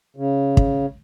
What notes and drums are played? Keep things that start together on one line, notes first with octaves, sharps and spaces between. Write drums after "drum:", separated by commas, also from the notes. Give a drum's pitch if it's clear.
C#3
drum: kick